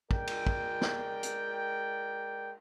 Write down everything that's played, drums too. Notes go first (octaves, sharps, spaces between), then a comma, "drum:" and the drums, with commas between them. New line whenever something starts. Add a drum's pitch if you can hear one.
G#3 A#4 D5 G5, drum: kick
drum: cymbal
drum: kick
drum: snare
drum: hi-hat